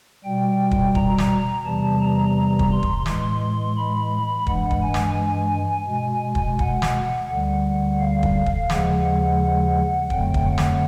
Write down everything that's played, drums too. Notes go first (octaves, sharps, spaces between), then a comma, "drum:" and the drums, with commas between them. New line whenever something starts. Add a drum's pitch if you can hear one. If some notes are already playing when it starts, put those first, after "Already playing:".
B2 G3 G5
drum: kick
A#5, drum: kick
drum: snare
E2 C3 E3 G3 A5
A#5
A#5
drum: kick
C6
drum: kick
A2 E3 G#3 C6, drum: snare
B5
G2 E3 G#3 F#5, drum: kick
drum: kick
G#5
drum: snare
B2 G#3
drum: kick
F#5, drum: kick
drum: snare
D2 D3 G3 F#5
F5
drum: kick
drum: kick
D#2 C#3 F3 G#3 F#5, drum: snare
F2 D3 F#3 A3 G5, drum: kick
drum: kick
F#5
drum: snare